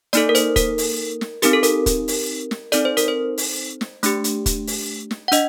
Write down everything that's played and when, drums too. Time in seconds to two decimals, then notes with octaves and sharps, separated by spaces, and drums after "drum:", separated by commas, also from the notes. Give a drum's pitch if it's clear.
0.13 A#3 D#4 A4 D5, drum: hi-hat
0.29 A#4
0.35 C5, drum: hi-hat
0.56 A#4, drum: kick, hi-hat
0.78 drum: open hi-hat
1.21 drum: snare
1.42 C4 D#4 G4 A#4, drum: hi-hat
1.53 A4
1.63 A#4, drum: hi-hat
1.86 drum: kick, hi-hat
2.08 drum: open hi-hat
2.51 drum: snare
2.72 C4 D#4 A4 D5, drum: hi-hat
2.85 C5
2.97 A#4, drum: hi-hat
3.08 C5
3.38 drum: open hi-hat
3.81 drum: snare
4.03 A3 D4 G4, drum: hi-hat
4.24 drum: hi-hat
4.46 drum: kick, hi-hat
4.67 drum: open hi-hat
5.11 drum: snare
5.28 F#5
5.32 D4 D#5, drum: hi-hat